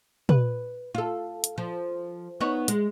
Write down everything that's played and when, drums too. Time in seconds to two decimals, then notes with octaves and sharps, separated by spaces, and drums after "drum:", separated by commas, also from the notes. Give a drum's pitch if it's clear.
0.29 B4, drum: tom
0.95 F4 A4
1.44 drum: hi-hat
1.58 F3
2.41 B3 D#4 C#5
2.68 G#3, drum: hi-hat